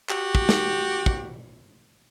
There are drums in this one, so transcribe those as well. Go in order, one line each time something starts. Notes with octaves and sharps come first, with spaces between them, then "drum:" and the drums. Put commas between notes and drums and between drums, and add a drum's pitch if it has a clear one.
F#4 G4, drum: clap
drum: kick
drum: snare
drum: kick